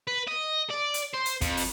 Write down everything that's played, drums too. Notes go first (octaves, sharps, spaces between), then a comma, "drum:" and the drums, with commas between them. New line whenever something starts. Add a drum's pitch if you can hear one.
B4
D#5
D5
drum: hi-hat
C5
drum: hi-hat
F2, drum: kick, hi-hat
drum: open hi-hat